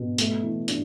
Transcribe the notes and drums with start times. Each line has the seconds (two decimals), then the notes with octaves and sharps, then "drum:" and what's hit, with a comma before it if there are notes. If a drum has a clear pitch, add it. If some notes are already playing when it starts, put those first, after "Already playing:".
Already playing: B2
0.18 A3, drum: hi-hat
0.43 E3
0.68 D4, drum: hi-hat